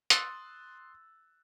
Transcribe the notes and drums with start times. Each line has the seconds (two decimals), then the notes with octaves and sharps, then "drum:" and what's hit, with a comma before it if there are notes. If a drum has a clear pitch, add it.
0.10 C6 D#6 E6 F#6 A6, drum: hi-hat